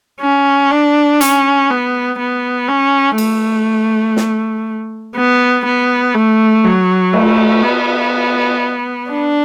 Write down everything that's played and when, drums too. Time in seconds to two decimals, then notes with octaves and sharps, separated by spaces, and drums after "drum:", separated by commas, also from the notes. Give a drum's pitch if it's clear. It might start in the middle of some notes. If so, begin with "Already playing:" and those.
0.21 C#4
0.71 D4
1.21 C#4, drum: hi-hat
1.70 B3
2.19 B3
2.69 C#4
3.18 A3, drum: cymbal
4.16 drum: snare
5.16 B3
5.66 B3
6.15 A3
6.65 F#3
7.14 A3, drum: cymbal
7.63 B3
9.11 D4